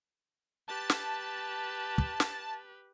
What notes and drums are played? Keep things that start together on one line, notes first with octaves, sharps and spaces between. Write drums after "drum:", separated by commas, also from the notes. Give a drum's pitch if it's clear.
G4 B4 A5
drum: snare
drum: kick
drum: snare